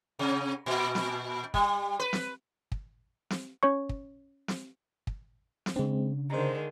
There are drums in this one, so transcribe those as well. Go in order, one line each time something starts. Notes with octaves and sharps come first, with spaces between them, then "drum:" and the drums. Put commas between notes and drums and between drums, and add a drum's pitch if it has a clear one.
C3
A#2
drum: snare
G3, drum: kick
B4
drum: snare
drum: kick
drum: snare
C#4 C#5 C#6
drum: kick
drum: snare
drum: kick
drum: snare
C#3 G#3 C4 D4
D3 D#3 G#3 C5 A#5